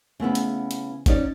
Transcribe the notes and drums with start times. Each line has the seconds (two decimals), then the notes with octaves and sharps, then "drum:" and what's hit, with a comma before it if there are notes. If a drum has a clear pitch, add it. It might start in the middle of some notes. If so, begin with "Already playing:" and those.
0.20 C#3 A3 B3 E4
0.35 drum: hi-hat
0.71 drum: hi-hat
1.06 C#4 D#4 D5, drum: kick G1, hi-hat